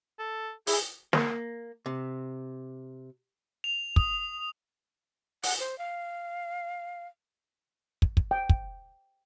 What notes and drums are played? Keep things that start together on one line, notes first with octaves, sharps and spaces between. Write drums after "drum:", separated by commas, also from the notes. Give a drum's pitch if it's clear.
A4
E4 G#4, drum: open hi-hat
A#3, drum: snare
C3
F7
D#6, drum: kick
F#5, drum: open hi-hat
C5
F5
drum: kick
drum: kick
G5
drum: kick